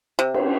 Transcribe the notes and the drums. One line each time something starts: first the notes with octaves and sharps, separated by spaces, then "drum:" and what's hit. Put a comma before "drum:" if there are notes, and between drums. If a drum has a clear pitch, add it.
C3
drum: cymbal